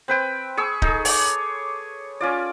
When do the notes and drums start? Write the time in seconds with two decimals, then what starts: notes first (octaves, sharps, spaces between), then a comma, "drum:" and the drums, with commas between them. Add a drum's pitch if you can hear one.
0.08 C4 B4 G5
0.57 G#4 C#6 E6
0.82 D#4 G#4 A4, drum: kick D1
1.05 C#5 D6, drum: open hi-hat
2.21 C#4 F4 D5